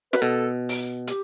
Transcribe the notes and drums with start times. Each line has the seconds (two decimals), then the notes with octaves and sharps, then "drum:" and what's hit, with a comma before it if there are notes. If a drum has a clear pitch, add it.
0.13 B4, drum: snare
0.22 B2 A4
0.69 drum: open hi-hat
1.07 G4, drum: hi-hat